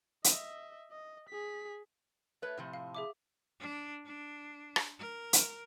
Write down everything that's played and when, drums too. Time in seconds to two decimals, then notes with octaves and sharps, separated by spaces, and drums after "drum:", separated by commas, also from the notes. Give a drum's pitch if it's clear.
0.24 D#5 E5, drum: hi-hat
0.91 D#5
1.29 G#4 B6
2.42 A3 B4 C#5
2.58 A2 C3 F3
2.73 F5
2.95 G#4 E5 D6
3.60 D4
4.05 D4
4.76 drum: rim click
4.99 A#4
5.33 drum: hi-hat